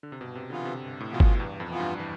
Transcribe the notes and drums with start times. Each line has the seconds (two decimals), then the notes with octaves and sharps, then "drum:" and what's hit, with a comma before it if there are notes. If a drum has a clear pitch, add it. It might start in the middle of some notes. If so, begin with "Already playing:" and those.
0.03 D3
0.12 C3
0.20 G2 B2
0.35 C3
0.50 D3 E3 B3 F4
0.65 C3
0.81 G2
1.00 A2
1.10 B2 E3 B3 F4
1.20 A2, drum: kick G1
1.40 E2 G2
1.60 F2
1.69 E3 B3 F4
1.80 G2
2.00 E3